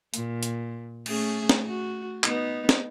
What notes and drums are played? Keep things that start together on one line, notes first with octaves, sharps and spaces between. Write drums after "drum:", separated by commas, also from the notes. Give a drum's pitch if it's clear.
A#2, drum: hi-hat
drum: hi-hat
A3 C#4 G#4, drum: cymbal
drum: snare
F#4
B3 D#4, drum: clap
drum: snare